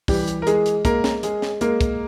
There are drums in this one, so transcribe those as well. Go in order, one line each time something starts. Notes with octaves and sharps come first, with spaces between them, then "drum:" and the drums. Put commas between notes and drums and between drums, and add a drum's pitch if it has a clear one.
E3 G3 G4, drum: kick, open hi-hat
drum: hi-hat
A#4
G#3 G#4, drum: hi-hat
drum: hi-hat
G#3 A#3 A#4, drum: kick, hi-hat
drum: snare
G#3 G#4, drum: hi-hat
drum: snare
G#3 A#3 A#4, drum: hi-hat
drum: kick, hi-hat